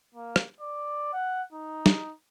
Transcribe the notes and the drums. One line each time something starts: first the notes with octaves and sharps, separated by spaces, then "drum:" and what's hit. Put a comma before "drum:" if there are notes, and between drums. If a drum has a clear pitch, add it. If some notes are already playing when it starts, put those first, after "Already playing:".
A#3
drum: rim click
D5
F#5
D#4
drum: snare